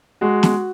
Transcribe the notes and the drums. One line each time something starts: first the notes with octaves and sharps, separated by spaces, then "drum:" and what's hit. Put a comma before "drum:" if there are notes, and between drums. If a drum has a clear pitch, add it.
G#3 F#4
drum: snare